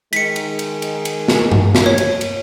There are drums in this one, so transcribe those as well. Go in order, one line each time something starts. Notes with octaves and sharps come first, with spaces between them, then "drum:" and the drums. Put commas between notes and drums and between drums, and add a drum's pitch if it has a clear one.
D#3 G#3 B6 C#7, drum: cymbal
drum: cymbal
drum: cymbal
drum: cymbal
drum: cymbal
drum: snare
drum: tom G2
drum: snare
C#5
drum: cymbal
drum: cymbal